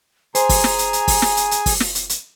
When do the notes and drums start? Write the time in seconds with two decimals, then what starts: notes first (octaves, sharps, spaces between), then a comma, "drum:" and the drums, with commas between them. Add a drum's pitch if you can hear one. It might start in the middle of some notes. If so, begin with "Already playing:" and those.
0.35 G#4 C5 G#5 A#5, drum: hi-hat
0.49 drum: kick, open hi-hat
0.64 drum: snare
0.78 drum: hi-hat
0.93 drum: hi-hat
1.08 drum: kick, open hi-hat
1.22 drum: snare
1.37 drum: hi-hat
1.51 drum: hi-hat
1.66 drum: kick, open hi-hat
1.80 drum: snare
1.95 drum: hi-hat
2.09 drum: hi-hat